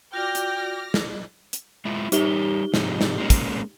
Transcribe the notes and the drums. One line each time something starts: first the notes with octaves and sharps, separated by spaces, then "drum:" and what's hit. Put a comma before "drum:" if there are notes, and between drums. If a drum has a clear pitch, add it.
F4 F#4 D5 G5 D6 F6 A#6
drum: hi-hat
drum: snare
drum: hi-hat
G#3 E4 F4
G3 D#4 G4 A#4 C#5 G7, drum: hi-hat
G#2 C3 F3, drum: snare
drum: snare
G#3 A#3 C#4
drum: kick, hi-hat